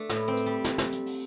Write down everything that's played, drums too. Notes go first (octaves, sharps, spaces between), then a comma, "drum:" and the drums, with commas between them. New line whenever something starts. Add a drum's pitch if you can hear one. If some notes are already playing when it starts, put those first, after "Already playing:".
Already playing: A3 D4
A2, drum: snare
C4
drum: hi-hat
G3
drum: snare
drum: snare
drum: hi-hat
drum: open hi-hat